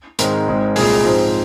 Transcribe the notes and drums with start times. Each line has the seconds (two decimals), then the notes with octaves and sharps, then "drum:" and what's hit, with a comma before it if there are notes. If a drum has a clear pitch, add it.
0.19 G#2 D#3 G#3 C4 A#4, drum: hi-hat
0.47 G#1 G#2 G#3 C4
0.76 C2 A#2 G#3 G#4, drum: open hi-hat
1.04 G#2 F3 C4